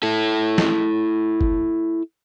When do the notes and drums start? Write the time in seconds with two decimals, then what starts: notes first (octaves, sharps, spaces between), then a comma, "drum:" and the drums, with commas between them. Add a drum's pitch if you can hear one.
0.03 E4 A4
0.58 drum: snare
1.41 drum: kick F#1